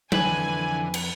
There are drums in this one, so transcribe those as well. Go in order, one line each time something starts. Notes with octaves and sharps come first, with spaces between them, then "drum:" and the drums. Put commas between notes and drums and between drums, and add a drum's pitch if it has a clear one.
F2 D3 E3 B4 G#5, drum: tom F#3
drum: cymbal